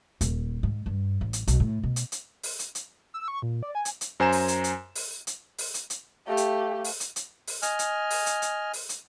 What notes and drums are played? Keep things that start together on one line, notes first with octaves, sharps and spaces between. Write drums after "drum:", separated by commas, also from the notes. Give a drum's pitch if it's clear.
D#1, drum: hi-hat
G#2
G2
A1
drum: hi-hat
B1, drum: hi-hat
A2
B2
drum: hi-hat
drum: hi-hat
drum: open hi-hat
drum: hi-hat
drum: hi-hat
E6
C#6
A#2
D5
G#5
drum: hi-hat
drum: hi-hat
F#2 C5 G#5 A#5 E7
drum: open hi-hat
drum: hi-hat
drum: hi-hat
drum: open hi-hat
drum: hi-hat
drum: open hi-hat
drum: hi-hat
drum: hi-hat
A3 G4 F5
drum: hi-hat
drum: open hi-hat
drum: hi-hat
drum: hi-hat
drum: open hi-hat
D#5 G#5 F6, drum: hi-hat
drum: hi-hat
drum: open hi-hat
drum: hi-hat
drum: hi-hat
drum: open hi-hat
drum: hi-hat